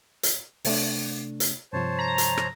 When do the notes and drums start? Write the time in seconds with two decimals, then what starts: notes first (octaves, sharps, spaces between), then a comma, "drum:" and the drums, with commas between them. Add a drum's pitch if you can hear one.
0.23 drum: hi-hat
0.65 C3 A3 D4, drum: open hi-hat
1.40 drum: hi-hat
1.73 G2 C3 F3 C5 C#5 A5
1.99 A#5
2.18 drum: hi-hat
2.37 drum: rim click